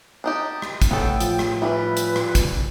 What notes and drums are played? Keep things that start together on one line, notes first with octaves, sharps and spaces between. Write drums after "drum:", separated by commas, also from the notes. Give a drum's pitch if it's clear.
D4 D#4 G4
drum: rim click
drum: kick, hi-hat
A2 B3 C4 A4 G5
F3, drum: hi-hat
drum: rim click
E3 G3 B4
drum: hi-hat
drum: rim click
drum: kick, hi-hat